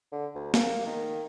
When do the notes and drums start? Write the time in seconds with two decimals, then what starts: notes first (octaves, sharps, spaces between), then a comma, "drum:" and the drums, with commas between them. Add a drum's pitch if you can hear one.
0.12 D3
0.35 D2
0.54 A#3, drum: snare
0.87 D#3